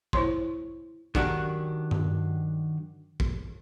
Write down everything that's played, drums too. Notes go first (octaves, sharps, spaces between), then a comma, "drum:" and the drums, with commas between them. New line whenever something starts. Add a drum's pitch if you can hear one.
E4 C5 C#5 C6, drum: kick
D#3 F#3 D4 F#4 G4 A#4, drum: kick
drum: tom G2
drum: kick